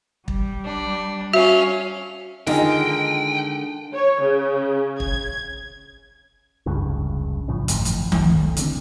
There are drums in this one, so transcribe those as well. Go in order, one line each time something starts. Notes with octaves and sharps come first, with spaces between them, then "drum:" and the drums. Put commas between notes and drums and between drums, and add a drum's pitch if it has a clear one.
G3, drum: kick
D4
C#4 F#4 C#5 E5 F5
D3 D#3 G#3 D#4 F4 D#5 G5, drum: snare
C#5
C#3
G#6, drum: kick
F1 C#2 G2 C#3
B1 A2 C#3 F3
G1 F2 A2 E3, drum: hi-hat
drum: hi-hat
F1 C2 A2, drum: tom D#3
F1 D3 C4, drum: hi-hat